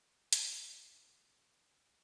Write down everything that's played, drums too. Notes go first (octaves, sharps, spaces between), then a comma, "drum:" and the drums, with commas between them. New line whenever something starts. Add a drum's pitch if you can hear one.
F#1
drum: hi-hat
F#2 A2 E3 A3
A2 C3 C#4
C#2 D5 G#5 D6